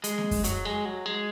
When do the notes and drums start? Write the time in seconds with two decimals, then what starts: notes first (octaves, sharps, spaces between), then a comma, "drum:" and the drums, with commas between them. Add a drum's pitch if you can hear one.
0.04 G#3, drum: hi-hat
0.18 drum: snare A#3
0.31 drum: kick F#2, open hi-hat
0.44 F#3, drum: hi-hat
0.65 G#3
0.85 F#3
1.06 G#3